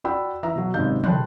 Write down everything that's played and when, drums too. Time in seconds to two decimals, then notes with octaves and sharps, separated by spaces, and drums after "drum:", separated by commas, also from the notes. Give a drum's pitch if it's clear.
0.04 F#4 D5 F#5 G5 B5 E6
0.43 E3 E5 A#5 E6
0.55 B2 F#3
0.74 G#1 F#2 C3 D#5 F5 G6
1.04 G5 A5 B5 C6 F#6 G6, drum: tom